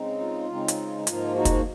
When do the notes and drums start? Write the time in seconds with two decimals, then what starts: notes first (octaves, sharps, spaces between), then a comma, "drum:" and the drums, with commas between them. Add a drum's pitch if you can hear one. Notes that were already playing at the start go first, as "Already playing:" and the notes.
Already playing: C#3 G#3 C4 D#4
0.20 F4
0.49 C#3 G#3 C4 D#4
0.68 drum: hi-hat
1.07 G#2 F3 A#3 D#4 F4, drum: hi-hat
1.35 D#4 F#4
1.45 drum: kick, hi-hat